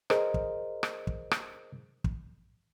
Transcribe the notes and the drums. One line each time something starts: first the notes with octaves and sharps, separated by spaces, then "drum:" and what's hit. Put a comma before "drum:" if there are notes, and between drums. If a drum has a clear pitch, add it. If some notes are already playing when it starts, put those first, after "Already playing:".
G#4 A#4 C5 D#5, drum: rim click
drum: kick
drum: rim click
drum: kick
drum: rim click
drum: kick